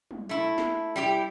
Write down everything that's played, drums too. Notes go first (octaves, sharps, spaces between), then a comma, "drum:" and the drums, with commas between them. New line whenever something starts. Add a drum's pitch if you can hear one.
drum: tom
A3 E4
drum: snare
G3 E4 G4